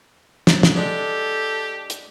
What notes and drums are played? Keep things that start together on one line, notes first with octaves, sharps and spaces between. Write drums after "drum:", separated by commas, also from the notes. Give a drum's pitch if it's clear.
drum: snare
drum: snare
G#3 D4 G4 A4
drum: hi-hat